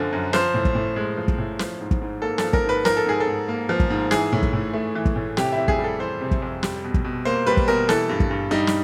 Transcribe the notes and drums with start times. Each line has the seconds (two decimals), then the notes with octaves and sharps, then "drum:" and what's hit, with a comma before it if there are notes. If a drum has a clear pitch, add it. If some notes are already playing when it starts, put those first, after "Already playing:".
Already playing: F#2 D3 F3 A3
0.12 F#2
0.33 F3 C5, drum: snare
0.54 A2
0.65 drum: kick
0.75 A2
0.96 G#3
1.17 F3
1.28 drum: kick
1.38 A2
1.59 F3, drum: snare
1.80 G#2
1.91 drum: kick
2.02 G#2
2.22 A#3 A4
2.38 A4, drum: snare
2.43 F3
2.53 A#4, drum: kick
2.64 G#2 B4
2.85 F3 A#4, drum: snare
2.97 A4
3.06 G#2 G#4
3.20 A4
3.27 G#2
3.48 A#3
3.69 F3
3.80 drum: kick
3.90 G#2
4.11 E3 G#4, drum: snare
4.32 A2
4.42 drum: kick
4.53 A2
4.74 A3
4.95 E3
5.05 drum: kick
5.16 A2
5.37 C3 G4, drum: snare
5.53 E4
5.58 F2
5.68 G#4, drum: kick
5.79 G3
5.84 A4
5.99 E3 C5
6.21 C3
6.31 drum: kick
6.42 F2
6.63 G3, drum: snare
6.84 B2
6.94 drum: kick
7.04 B2
7.25 A#3 C5
7.47 G3 B4
7.57 drum: kick
7.68 B2 A#4
7.89 E3 A4, drum: snare
8.09 G2
8.20 drum: kick
8.31 G2
8.51 G3 D#4
8.67 drum: snare